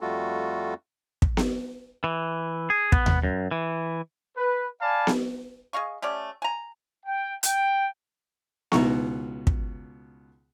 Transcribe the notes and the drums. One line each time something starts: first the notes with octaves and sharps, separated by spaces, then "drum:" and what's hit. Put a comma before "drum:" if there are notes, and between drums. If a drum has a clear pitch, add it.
F2 G3 A3 F4 F#4 A4
drum: kick
drum: snare B3
E3
G#4
B3, drum: kick
drum: tom D#2
F#2
E3
B4
D5 F5 G#5 A5 B5
drum: snare B3
G#4 D#5 F5 C#6
A3 C#4 G4 D5
G#5 A#5
G5
G5, drum: hi-hat
C#2 B2 D#3 E4 A#5 C#6, drum: snare B3
drum: kick